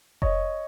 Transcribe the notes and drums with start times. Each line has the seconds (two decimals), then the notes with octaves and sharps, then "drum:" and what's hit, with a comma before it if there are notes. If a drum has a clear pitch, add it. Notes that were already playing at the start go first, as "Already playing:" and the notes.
0.22 C#5 D#5, drum: kick F1